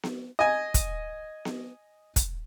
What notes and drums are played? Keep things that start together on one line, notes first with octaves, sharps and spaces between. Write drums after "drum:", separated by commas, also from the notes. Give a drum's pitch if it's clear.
drum: snare B3
D#5 G#5
drum: kick, hi-hat
drum: snare B3
drum: kick, hi-hat